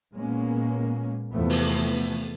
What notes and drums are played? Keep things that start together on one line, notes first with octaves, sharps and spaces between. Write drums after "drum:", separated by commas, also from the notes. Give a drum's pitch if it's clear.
A#2 G#3 A#3 B3 C#4
E2 C3 F3 A3 B3
drum: open hi-hat